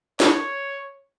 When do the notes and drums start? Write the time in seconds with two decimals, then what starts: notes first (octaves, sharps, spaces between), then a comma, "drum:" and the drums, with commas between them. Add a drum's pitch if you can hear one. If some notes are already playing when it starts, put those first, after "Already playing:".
0.20 C#5, drum: snare